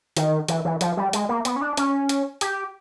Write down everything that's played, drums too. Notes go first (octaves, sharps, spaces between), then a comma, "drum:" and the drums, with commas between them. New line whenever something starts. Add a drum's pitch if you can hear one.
D#3, drum: hi-hat
E3, drum: hi-hat
E3
F3, drum: hi-hat
G3
G#3, drum: hi-hat
A#3
B3, drum: hi-hat
C#4
D4
C#4, drum: hi-hat
drum: hi-hat
G4, drum: hi-hat